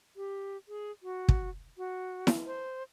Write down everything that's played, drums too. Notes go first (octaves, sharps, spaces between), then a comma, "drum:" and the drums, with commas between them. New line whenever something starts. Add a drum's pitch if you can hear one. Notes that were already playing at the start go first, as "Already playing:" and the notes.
G4
G#4
F#4
drum: kick
F#4
drum: snare E4
C5